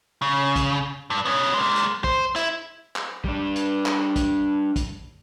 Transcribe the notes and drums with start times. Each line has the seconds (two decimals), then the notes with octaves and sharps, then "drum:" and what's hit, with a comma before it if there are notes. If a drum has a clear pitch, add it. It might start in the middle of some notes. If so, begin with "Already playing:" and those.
0.22 C#3
0.56 drum: kick, hi-hat
1.10 G2
1.25 B3 C#4
1.54 G#3 A#3
1.76 drum: hi-hat
2.04 C5, drum: kick
2.36 E4, drum: hi-hat
2.96 drum: clap
3.24 G3 D4, drum: kick
3.56 drum: hi-hat
3.86 drum: clap
4.16 drum: kick, hi-hat
4.76 drum: kick, hi-hat